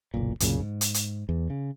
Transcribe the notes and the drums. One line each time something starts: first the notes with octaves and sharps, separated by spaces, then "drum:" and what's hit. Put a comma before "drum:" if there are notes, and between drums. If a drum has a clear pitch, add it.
F#1 B1 A#2
C2 F#2 A#2 C#3, drum: hi-hat
G#2
drum: hi-hat
drum: hi-hat
E2
C#3